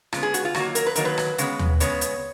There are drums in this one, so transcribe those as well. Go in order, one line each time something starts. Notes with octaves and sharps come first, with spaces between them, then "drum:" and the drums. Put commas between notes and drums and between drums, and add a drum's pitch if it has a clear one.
C#3 G#3 B3 F4, drum: rim click
G#4
F#4, drum: hi-hat
F4
D#3 F#3 A#3 F#4, drum: rim click
A#4, drum: hi-hat
B4
D#3 F#3 A#3 A#4, drum: hi-hat
B4
drum: rim click
C#3 G#3 B3, drum: hi-hat
drum: tom D#2
C#3 G#3 B3 C#5, drum: hi-hat
drum: hi-hat